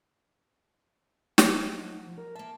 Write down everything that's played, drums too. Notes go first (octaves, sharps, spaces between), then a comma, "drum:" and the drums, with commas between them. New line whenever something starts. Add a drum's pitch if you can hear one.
F3 F#3 D#4 F#5, drum: snare
F3
A#4
A#3 E5 A5